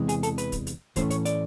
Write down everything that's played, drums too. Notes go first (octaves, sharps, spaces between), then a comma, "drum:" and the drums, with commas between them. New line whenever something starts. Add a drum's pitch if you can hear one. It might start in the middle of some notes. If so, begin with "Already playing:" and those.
Already playing: E2 C3 E3 G#3
G#4, drum: hi-hat
A4, drum: hi-hat
B4, drum: hi-hat
drum: kick, hi-hat
drum: hi-hat
A2 E3 A3 C#4 C5, drum: kick, hi-hat
C#5, drum: hi-hat
D5, drum: hi-hat